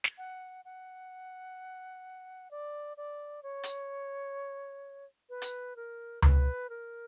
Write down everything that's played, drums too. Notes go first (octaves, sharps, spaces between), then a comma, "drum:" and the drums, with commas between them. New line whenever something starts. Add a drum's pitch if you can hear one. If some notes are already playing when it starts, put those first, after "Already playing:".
drum: snare
F#5
F#5
D5
D5
C#5
drum: hi-hat
B4
drum: hi-hat
A#4
B4, drum: tom C#2
A#4